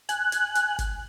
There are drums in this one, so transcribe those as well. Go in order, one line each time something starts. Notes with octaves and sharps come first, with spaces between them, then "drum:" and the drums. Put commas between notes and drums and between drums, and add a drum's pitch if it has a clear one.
G#5 F#6, drum: hi-hat
drum: hi-hat
drum: hi-hat
drum: kick G1, hi-hat